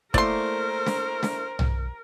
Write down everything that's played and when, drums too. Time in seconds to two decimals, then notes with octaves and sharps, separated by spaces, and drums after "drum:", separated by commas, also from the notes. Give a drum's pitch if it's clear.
0.14 A3 A#3 E4 A#4 C5 D5 C6, drum: kick
0.86 drum: snare
1.23 drum: snare
1.59 drum: tom